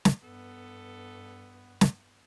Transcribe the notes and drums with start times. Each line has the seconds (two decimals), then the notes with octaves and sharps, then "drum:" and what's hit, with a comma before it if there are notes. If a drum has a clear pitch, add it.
0.05 drum: snare
0.23 G2 B3 A4
1.81 drum: snare